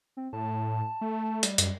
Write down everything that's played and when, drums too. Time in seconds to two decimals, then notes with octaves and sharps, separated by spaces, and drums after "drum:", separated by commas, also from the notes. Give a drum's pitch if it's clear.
0.17 C4
0.33 A2 A5
1.01 A3
1.43 G3, drum: hi-hat
1.58 F#2, drum: hi-hat